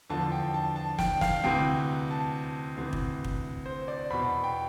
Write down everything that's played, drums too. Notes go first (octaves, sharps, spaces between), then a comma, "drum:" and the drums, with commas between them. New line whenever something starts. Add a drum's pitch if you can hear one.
E2 D3 F3 A5
G5
A5
A5
G5, drum: snare
F5, drum: snare
D2 C3 E3 G5
A5
D2 C3 E3
drum: kick
drum: kick
C5
D5
E2 B2 B5
G5